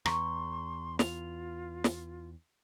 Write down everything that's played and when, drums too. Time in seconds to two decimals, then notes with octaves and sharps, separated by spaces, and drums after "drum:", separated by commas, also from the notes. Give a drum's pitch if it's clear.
0.06 E2 A#5 C6 C#6, drum: rim click
0.99 F4 F7, drum: snare
1.84 drum: snare